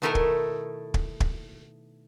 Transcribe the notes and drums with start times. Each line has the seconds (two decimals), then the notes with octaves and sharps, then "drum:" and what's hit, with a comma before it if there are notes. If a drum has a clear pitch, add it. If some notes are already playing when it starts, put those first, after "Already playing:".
0.02 B2 D#3 A3 D#4 E4 A#4
0.15 drum: kick
0.94 drum: kick
1.20 drum: kick